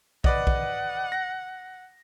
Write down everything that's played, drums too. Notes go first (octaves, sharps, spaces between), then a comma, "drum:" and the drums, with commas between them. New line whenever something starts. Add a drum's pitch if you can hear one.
B4 D5 D#5 F#5, drum: kick
drum: kick
A#6